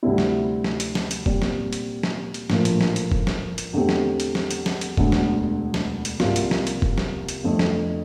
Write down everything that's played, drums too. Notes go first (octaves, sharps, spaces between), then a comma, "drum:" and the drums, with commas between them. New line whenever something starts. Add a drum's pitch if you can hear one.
D2 C3 G3 C4 E4
drum: snare
drum: snare
drum: hi-hat
drum: snare
drum: hi-hat
A#2 G3 C4, drum: kick E1
drum: snare
drum: hi-hat
drum: snare
drum: hi-hat
A#1 A2 F3 A#3, drum: snare
drum: hi-hat
drum: snare
drum: hi-hat
drum: kick E1
drum: snare
drum: hi-hat
E2 D3 A3 C4 G4
drum: snare
drum: hi-hat
drum: snare
drum: hi-hat
drum: snare
drum: hi-hat
E1 D2 D3, drum: kick E1
drum: snare
drum: snare
drum: hi-hat
C2 C3 G3 A#3 F4, drum: snare
drum: hi-hat
drum: snare
drum: hi-hat
drum: kick E1
drum: snare
drum: hi-hat
G1 F2 D3 A3 C4
drum: snare